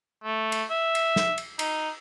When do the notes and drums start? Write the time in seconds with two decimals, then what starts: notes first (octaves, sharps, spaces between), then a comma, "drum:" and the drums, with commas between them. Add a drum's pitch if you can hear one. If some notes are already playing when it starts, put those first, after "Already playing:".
0.24 A3
0.52 drum: cymbal
0.70 E5
0.95 drum: cymbal
1.16 drum: snare
1.38 drum: cymbal
1.59 D#4, drum: cymbal